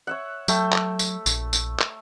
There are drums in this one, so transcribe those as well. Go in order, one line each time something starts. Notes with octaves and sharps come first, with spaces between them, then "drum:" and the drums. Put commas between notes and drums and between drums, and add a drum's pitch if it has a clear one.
C#5 E5 F#5
F#3 A3 E5 G5, drum: tambourine
drum: clap
drum: tambourine
A#1, drum: tambourine
drum: tambourine
drum: clap